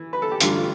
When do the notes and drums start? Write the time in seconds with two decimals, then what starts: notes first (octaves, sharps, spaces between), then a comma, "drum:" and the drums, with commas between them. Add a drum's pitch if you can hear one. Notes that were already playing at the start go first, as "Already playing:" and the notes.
Already playing: E3
0.13 B4
0.22 A4
0.32 G4
0.40 A1 G2 D3 F4, drum: hi-hat
0.56 F4